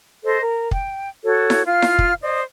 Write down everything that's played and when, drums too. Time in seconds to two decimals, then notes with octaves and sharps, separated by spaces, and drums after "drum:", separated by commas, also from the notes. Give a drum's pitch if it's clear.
0.24 A4 C5 D#5
0.42 A#4
0.71 G5, drum: kick
1.24 F#4 A4 C#5
1.50 drum: snare E4
1.66 F4 F5 F6
1.82 drum: snare E4
1.99 drum: kick
2.22 C5 D5 D#5